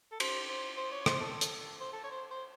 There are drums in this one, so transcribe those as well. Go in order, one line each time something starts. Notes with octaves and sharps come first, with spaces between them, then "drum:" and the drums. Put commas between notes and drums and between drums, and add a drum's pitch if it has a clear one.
A4
C5, drum: cymbal
C5
C5
C#5
C5, drum: rim click
A4
drum: hi-hat
C5
A4
C#5
C5
C5